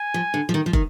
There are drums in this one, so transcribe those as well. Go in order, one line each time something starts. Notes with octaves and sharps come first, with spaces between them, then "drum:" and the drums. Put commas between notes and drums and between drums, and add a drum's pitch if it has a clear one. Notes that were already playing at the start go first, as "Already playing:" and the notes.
Already playing: G#5
F3
D3
F3
D#3
F3
D#3, drum: kick